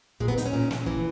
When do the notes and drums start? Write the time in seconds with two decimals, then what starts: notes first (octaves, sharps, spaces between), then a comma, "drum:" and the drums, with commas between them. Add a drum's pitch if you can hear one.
0.20 A#2 G#3, drum: kick
0.28 B3
0.37 A#2 D#4, drum: hi-hat
0.46 C#4
0.53 A#2
0.71 A#2, drum: snare
0.86 E3, drum: kick